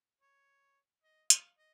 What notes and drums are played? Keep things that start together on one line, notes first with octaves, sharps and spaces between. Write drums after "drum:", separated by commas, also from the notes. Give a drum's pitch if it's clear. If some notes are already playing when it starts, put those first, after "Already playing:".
C#5
D#5
F5, drum: hi-hat
D#5